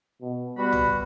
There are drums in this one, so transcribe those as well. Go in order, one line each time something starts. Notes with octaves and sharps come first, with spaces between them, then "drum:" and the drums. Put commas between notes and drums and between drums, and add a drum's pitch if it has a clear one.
B2
G3 B3 F#4 B5
drum: tom